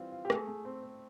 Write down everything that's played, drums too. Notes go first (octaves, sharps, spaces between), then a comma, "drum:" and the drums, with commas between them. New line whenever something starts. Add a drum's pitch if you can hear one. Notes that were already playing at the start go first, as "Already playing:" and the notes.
Already playing: E3 G3 C4 F4
F4
G4
A3 G#4, drum: rim click
A3
C4
C4